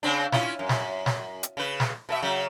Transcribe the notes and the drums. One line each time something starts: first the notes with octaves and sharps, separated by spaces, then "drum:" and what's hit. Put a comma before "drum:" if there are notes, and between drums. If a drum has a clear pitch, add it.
C#3 C4 D4
C#4 E4 F4, drum: snare
F#2
drum: snare
drum: snare
drum: hi-hat
C#3 B4
drum: snare
B2 A4 E5
C#3 F#3